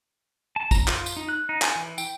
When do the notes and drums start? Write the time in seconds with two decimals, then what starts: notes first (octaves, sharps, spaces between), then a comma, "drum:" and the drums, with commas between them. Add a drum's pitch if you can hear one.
0.56 A5
0.71 A#5, drum: kick, tambourine
0.88 F4, drum: clap
1.06 drum: tambourine
1.17 D#4
1.29 F#6
1.49 D#4
1.62 G#5, drum: clap
1.75 E3
1.98 G5, drum: tambourine